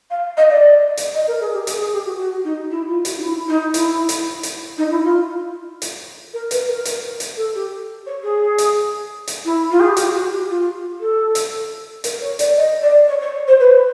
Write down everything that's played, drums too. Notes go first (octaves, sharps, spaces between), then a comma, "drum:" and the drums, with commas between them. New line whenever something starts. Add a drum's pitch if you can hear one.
F5
D#5
D5
drum: hi-hat
D#5
A#4
G#4
G4
G#4, drum: hi-hat
G#4
G4
F#4
F#4
D#4
E4
F4
F#4, drum: hi-hat
D#4
E4
D#4
E4, drum: hi-hat
drum: hi-hat
drum: hi-hat
D#4
E4
F4
drum: hi-hat
A#4
B4, drum: hi-hat
A#4
drum: hi-hat
drum: hi-hat
A4
G4
C#5
G#4
drum: hi-hat
drum: hi-hat
E4
F4
G#4
G4
F#4, drum: hi-hat
F#4
G4
F4
A4
drum: hi-hat
A#4, drum: hi-hat
C#5
D5, drum: hi-hat
D#5
D5
C#5
C#5
C5
B4